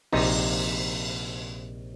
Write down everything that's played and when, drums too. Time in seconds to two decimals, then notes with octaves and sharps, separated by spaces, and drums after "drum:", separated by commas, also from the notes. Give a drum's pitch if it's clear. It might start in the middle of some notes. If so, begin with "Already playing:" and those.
0.12 A#1 C3 D#4, drum: cymbal